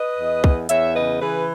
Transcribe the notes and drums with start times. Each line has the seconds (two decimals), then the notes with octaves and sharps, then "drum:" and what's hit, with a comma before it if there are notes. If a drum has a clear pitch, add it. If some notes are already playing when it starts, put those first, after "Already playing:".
Already playing: B4 D#5
0.18 E2
0.44 E2, drum: kick
0.69 E2 C#5 E5, drum: hi-hat
0.95 C#3 B4 D#5
1.22 E3 G#4 B4